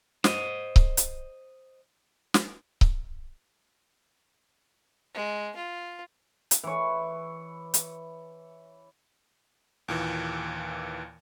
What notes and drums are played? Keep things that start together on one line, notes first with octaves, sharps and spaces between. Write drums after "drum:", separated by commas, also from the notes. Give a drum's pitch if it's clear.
C5 D#5, drum: snare
drum: kick C#1
drum: hi-hat
drum: snare
drum: kick C#1
G#3
F4
drum: hi-hat
E3 C#5
drum: hi-hat
D#2 A#2 E3